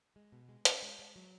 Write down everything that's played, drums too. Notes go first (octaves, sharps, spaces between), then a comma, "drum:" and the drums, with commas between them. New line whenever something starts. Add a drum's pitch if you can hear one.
G#3
B2
G#3
C#4, drum: hi-hat
G#3
G#3
F#3